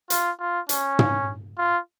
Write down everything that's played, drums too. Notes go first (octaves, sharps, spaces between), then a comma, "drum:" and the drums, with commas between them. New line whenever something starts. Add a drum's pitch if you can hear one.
F4, drum: hi-hat
F4
C#4, drum: hi-hat
drum: tom
F4